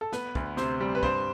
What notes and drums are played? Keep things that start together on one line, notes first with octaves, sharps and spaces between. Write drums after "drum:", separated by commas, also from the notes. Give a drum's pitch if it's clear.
A4
B3 B4, drum: snare
D2, drum: kick
C3 C5, drum: snare
G3
B4
G2 C5, drum: kick